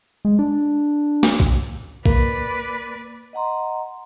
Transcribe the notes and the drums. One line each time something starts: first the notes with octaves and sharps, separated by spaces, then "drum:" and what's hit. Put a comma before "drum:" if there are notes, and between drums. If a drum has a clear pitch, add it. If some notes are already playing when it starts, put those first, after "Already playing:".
G#3
D4
drum: snare
drum: kick
A#3 B4 D5, drum: kick
D#5 F#5 A#5 C6